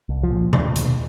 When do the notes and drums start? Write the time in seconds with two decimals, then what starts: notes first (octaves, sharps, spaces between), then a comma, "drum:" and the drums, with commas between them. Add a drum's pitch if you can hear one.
0.09 C2
0.23 F3
0.31 A#2
0.53 D#2, drum: tom B2
0.76 D#2, drum: hi-hat